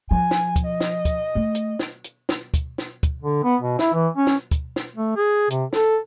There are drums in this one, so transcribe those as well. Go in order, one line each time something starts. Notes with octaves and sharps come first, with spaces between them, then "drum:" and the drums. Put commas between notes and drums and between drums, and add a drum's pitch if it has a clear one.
F3 G#5
drum: snare
drum: kick, hi-hat
D#5
drum: snare
drum: kick, hi-hat
A3
drum: hi-hat
drum: snare
drum: hi-hat
drum: snare
drum: kick, hi-hat
drum: snare
drum: kick, hi-hat
D3
B3
B2
E4, drum: snare
E3
C#4
drum: snare
drum: kick, hi-hat
drum: snare
A3
G#4
C3, drum: hi-hat
A4, drum: snare